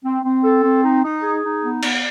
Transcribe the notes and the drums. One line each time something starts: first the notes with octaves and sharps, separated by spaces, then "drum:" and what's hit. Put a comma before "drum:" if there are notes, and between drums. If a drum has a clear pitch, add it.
C4
C4
A4
C4
D#4
D#4
G#4
D#4
B3
B3, drum: cymbal